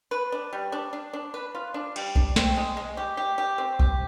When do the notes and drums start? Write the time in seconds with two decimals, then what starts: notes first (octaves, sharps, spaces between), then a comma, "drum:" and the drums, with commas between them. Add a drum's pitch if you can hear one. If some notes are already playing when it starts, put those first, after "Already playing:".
0.11 B4
0.32 D4
0.53 G3
0.72 D4
0.93 D4
1.13 D4
1.34 B4
1.55 F4
1.74 D4
1.96 G3, drum: cymbal
2.15 D4, drum: kick B1
2.36 C4, drum: snare
2.57 G#3
2.77 G#3
2.97 G4
3.17 G4
3.38 G4
3.58 C4
3.79 G4, drum: kick B1